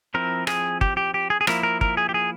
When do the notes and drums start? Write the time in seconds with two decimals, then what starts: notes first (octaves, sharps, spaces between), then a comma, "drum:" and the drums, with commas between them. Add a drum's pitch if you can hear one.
0.14 F3 C4 E4 A#4
0.47 G#4, drum: rim click
0.81 G4, drum: kick
0.97 G4
1.14 G4
1.30 G#4
1.41 G#4
1.47 F3 A#3 E4 A#4, drum: rim click
1.63 A#4
1.81 A#4, drum: kick
1.97 G#4
2.09 G4
2.14 G#4